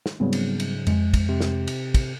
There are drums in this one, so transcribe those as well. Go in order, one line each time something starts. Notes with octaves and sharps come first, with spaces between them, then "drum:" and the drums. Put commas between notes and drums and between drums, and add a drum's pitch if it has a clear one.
drum: snare
G#2 C#3 F#3 G3 B3 C4
drum: cymbal
drum: cymbal
F2 G#3, drum: cymbal
drum: kick, cymbal
C3
drum: snare
drum: cymbal
drum: kick, cymbal